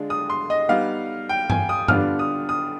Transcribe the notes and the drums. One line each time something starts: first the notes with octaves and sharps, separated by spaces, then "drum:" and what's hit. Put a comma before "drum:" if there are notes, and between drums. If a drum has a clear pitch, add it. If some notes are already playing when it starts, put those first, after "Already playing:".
Already playing: D3 G#3 D4 F4
D#6
C6
D#5
G3 B3 D#4 F5
G5
G#5, drum: tom G2
D#6
D3 G3 B3 D4 F4 F6, drum: tom G2
D#6
D#6